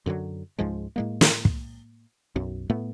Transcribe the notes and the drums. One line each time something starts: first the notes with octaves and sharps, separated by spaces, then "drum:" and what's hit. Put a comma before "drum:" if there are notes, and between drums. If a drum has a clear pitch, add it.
F#2 D3 E3 F#3
C#2 G#2 F3 G#3
A2 G#3 A#3
drum: snare
drum: kick
B1 F#2
A2 A3 B3